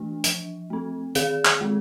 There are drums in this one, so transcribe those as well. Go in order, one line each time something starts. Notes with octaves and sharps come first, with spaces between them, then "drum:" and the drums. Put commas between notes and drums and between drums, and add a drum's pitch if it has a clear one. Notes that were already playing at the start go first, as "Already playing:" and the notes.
Already playing: E3 A3 D4
F3, drum: hi-hat
A3 C4
D#3 G#4, drum: hi-hat
drum: clap
G#3 C4